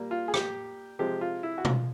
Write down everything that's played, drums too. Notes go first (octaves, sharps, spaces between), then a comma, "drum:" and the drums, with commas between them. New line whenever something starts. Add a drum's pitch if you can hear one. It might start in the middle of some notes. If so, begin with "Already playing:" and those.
Already playing: A#2 G3 A#3
F4
G#4
G4, drum: rim click
C3 F3 G#3 G4
F4
E4
F#4
F4, drum: tom B2